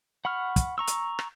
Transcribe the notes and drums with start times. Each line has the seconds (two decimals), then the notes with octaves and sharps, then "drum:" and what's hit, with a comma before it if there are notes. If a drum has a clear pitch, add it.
0.25 F#5 B5 C#6 F6
0.56 drum: kick, hi-hat
0.78 A#5 C#6 E6
0.87 drum: hi-hat
1.19 drum: rim click